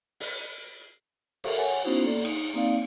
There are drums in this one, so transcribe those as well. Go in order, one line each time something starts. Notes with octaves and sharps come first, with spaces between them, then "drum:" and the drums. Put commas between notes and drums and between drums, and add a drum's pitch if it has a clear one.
drum: open hi-hat
A4 A#4 E5, drum: cymbal
C#5 F#5 G#5
B3 C#4 D#4 E4 F#4 C5
A#3 A4 D5
D#4, drum: cymbal
A#3 C4 D#4 D5 F5